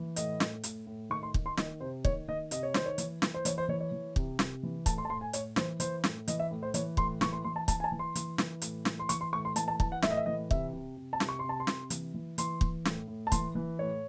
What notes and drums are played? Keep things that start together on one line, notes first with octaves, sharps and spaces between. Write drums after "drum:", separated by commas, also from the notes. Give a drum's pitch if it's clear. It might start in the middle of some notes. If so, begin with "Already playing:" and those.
Already playing: E3
A2 D#5, drum: hi-hat
A2, drum: snare
A2, drum: hi-hat
A2
D#3 C#6
C6
D#3, drum: kick
C6
D#3 D#5, drum: snare
C3 C5
D#3 C#5, drum: kick
D#3 D#5
C3 D#5, drum: hi-hat
C#5
D#3 C5, drum: snare
C#5
E3, drum: hi-hat
E3, drum: snare
C5
E3 C#5, drum: hi-hat
C5
E3 C#5
C#5
E3
C3, drum: kick
C3, drum: snare
E3
A2 A5, drum: kick, hi-hat
C6
A5
A2 C6
G#5
A2 C#5, drum: hi-hat
E3 C5, drum: snare
E3 C5, drum: hi-hat
A2, drum: snare
E3 D#5, drum: hi-hat
E5
A2
C5
E3 C#5, drum: hi-hat
A2 C6, drum: kick
E3 C#6, drum: snare
C6
E3 C6
A5
E3 A5, drum: kick, hi-hat
G#5
A5
E3
C6
E3, drum: hi-hat
E3, drum: snare
A2, drum: hi-hat
E3, drum: snare
C6
E3 C#6, drum: hi-hat
C6
A2 C#6
C6
E3 A5, drum: hi-hat
A5
E3 A5, drum: kick
F#5
A2 E5, drum: snare
D#5
E5
E3 D#5
C3 E5, drum: kick
C3
C3
A5
C3, drum: snare
C#6
C3 C6
A5
C6
C3, drum: snare
E3, drum: hi-hat
E3
E3 C6, drum: hi-hat
E3, drum: kick
A2, drum: snare
A2
A5
E3 C6, drum: kick, hi-hat
E3
A2 C#5